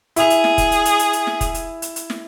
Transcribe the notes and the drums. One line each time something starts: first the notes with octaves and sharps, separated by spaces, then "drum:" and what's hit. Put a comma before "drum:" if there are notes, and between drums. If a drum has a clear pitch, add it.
E4 G#4 F7, drum: hi-hat
drum: hi-hat
drum: snare
drum: kick, hi-hat
drum: hi-hat
drum: hi-hat
drum: hi-hat
drum: hi-hat
drum: snare
drum: kick, hi-hat
drum: hi-hat
drum: hi-hat
drum: hi-hat
drum: snare